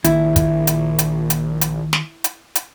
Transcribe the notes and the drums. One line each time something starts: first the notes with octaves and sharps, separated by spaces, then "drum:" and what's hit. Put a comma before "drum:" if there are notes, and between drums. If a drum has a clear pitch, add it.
A#1 D#3 A#3 E4, drum: hi-hat
drum: kick, hi-hat
drum: hi-hat
drum: hi-hat
drum: hi-hat
drum: hi-hat
drum: snare
drum: hi-hat
drum: hi-hat